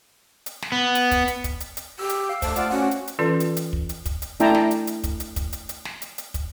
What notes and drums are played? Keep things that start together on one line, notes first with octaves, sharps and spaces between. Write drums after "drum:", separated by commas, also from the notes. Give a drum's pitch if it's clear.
drum: hi-hat
drum: snare
B3
drum: hi-hat
drum: kick, hi-hat
drum: hi-hat
drum: kick, hi-hat
drum: hi-hat
drum: hi-hat
G4 E6
drum: hi-hat
F5 E6
A3 C5 A5, drum: kick, hi-hat
A3 F4 D5 F#5, drum: hi-hat
C#4 F#4 F#5
drum: hi-hat
drum: hi-hat
E3 C#4 F4 A4 B4 D5
drum: hi-hat
drum: hi-hat
drum: kick
drum: hi-hat
drum: kick, hi-hat
drum: hi-hat
A3 D4 E4 G5 A5 A#5, drum: hi-hat
drum: snare
drum: hi-hat
drum: hi-hat
drum: kick, hi-hat
drum: hi-hat
drum: kick, hi-hat
drum: hi-hat
drum: hi-hat
drum: snare
drum: hi-hat
drum: hi-hat
drum: kick, hi-hat